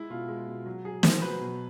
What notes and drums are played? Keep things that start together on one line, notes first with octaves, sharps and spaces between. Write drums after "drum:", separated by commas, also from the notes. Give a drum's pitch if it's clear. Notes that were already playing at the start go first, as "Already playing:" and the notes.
Already playing: G#3 E4
B2 F4
G#3
B2
F#3
F#3 G#4
F#3 C5, drum: snare
F#3 B4
B2